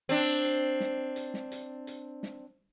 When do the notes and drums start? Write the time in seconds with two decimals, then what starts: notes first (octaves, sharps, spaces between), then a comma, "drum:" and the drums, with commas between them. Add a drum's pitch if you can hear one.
0.09 C4 D4, drum: hi-hat
0.45 drum: hi-hat
0.80 drum: snare
1.16 drum: hi-hat
1.34 drum: snare
1.52 drum: hi-hat
1.87 drum: hi-hat
2.23 drum: snare